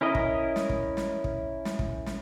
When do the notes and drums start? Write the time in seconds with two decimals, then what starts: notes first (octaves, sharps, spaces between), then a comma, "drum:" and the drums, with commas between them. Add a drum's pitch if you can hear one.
0.01 C#4 E4 A#4 D#5
0.15 drum: kick
0.56 drum: snare
0.69 drum: kick
0.97 drum: snare
1.24 drum: kick
1.65 drum: snare
1.79 drum: kick
2.06 drum: snare